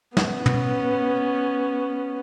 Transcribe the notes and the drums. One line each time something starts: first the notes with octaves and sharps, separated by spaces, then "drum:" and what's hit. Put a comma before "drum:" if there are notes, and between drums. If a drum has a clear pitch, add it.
B3 C#4, drum: snare
drum: tom